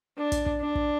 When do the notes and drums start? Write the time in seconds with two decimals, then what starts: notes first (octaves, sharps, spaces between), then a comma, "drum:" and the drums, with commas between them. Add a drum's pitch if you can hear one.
0.17 D4
0.32 drum: kick, hi-hat
0.46 drum: kick
0.60 D4
0.75 drum: kick